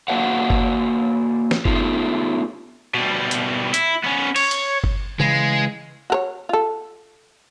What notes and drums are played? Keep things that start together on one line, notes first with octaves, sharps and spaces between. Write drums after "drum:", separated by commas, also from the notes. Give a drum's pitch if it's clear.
A#3 F#4 B4 D#5 F5 F#5
drum: kick G1
drum: snare
A3 B3 D#4 F4 G4, drum: kick G1
B2 G3
drum: hi-hat
E4, drum: hi-hat
B3 C#4
C#5, drum: cymbal
drum: hi-hat
drum: kick G1
C#3 E3 G#3
F#4 A#4 C#5
F4 A4